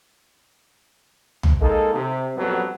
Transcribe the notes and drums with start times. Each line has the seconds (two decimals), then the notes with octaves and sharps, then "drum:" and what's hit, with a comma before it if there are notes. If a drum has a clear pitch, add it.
1.43 drum: tom
1.60 G#3 A#3 D#4 A4
1.94 C3
2.35 A#1 F2 F#3 G3 B3 A4